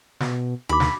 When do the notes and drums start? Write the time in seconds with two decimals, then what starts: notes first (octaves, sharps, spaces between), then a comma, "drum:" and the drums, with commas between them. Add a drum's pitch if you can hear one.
0.20 B2, drum: snare
0.69 D#2 D4 F#4 B5 D6
0.80 drum: snare